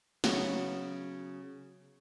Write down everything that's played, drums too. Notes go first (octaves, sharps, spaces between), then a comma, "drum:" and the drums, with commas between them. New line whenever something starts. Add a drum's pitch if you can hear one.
C#3 F#3 B3 B4, drum: snare